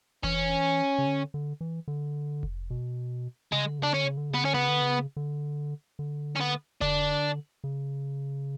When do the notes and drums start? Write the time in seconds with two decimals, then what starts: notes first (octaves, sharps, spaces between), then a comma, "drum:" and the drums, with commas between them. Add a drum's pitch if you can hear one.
0.23 E3 C#4, drum: kick F1
0.98 C#3
1.06 D3
1.34 D3
1.61 E3
1.88 D3
2.43 drum: kick F1
2.70 B2
3.52 C#3 G#3
3.65 D3
3.79 C#3 D4
3.91 D3 C#4
4.04 C#3
4.17 D3
4.30 C#3 B3
4.43 D3 C#4
4.54 C#3 B3
4.69 D3
4.82 C#3
5.16 D3
5.99 D3
6.36 C#4
6.40 B3
6.81 D3 D4, drum: kick F1
7.64 C#3